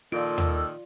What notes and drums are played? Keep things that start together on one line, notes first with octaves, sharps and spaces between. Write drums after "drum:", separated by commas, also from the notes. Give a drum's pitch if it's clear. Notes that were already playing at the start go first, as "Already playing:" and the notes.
A#2 D#3 F4 A4 D5 D7
drum: tom D#2